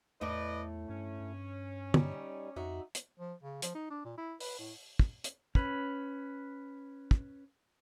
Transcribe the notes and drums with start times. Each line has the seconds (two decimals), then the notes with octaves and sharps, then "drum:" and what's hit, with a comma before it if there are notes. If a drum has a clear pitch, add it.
0.21 E2 A2 A3 B4 D5 D#5
0.89 G2 C#4
1.20 G2
1.94 G3 D#4, drum: tom
2.56 F2 D#4 F#4 E5
2.95 drum: hi-hat
3.19 F3
3.43 C#3
3.62 F3, drum: hi-hat
3.75 D#4
3.90 D4
4.05 A#2
4.17 E4
4.40 B4, drum: open hi-hat
4.59 A2
4.99 drum: kick
5.24 drum: hi-hat
5.55 C#4 B4, drum: kick
7.11 drum: kick